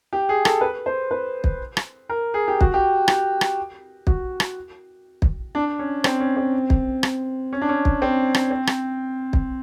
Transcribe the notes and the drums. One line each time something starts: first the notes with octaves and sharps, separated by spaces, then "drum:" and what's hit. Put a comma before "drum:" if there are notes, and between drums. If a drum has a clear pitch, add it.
G4
G#4
A4, drum: rim click
B4
C5
B4
drum: kick
drum: rim click
A#4
G#4
G4
F#4, drum: kick
G4
G4, drum: rim click
drum: rim click
F#4, drum: kick
drum: rim click
drum: kick
D4
C#4
C4, drum: rim click
C#4
C4
drum: kick
drum: rim click
C#4
D4
C#4
drum: kick
C4
drum: rim click
C4
drum: rim click
drum: kick